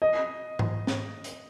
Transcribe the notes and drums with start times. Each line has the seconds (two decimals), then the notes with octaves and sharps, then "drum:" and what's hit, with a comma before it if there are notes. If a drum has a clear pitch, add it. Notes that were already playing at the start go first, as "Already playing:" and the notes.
0.02 D#5
0.59 drum: tom G#2
0.87 drum: snare
1.24 drum: hi-hat